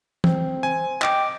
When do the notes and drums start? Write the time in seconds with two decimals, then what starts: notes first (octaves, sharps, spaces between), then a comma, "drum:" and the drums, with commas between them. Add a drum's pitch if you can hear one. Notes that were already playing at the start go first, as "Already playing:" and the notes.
0.24 C4, drum: tom
0.63 C5 G#5
1.02 D#5 G5 D6, drum: clap